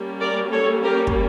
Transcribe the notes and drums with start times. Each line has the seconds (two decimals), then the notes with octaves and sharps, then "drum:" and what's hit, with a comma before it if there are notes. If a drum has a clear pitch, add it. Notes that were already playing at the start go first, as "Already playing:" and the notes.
Already playing: G3 A#3 C#4
0.20 A#4 D5
0.51 A4 C#5
0.83 G4 A#4
1.07 drum: kick